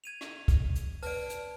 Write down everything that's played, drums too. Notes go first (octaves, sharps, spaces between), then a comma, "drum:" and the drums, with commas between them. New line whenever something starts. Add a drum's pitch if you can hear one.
G#6 D#7 F7
drum: rim click
drum: kick, hi-hat
drum: hi-hat
B4 D5 A5 D7, drum: open hi-hat
drum: hi-hat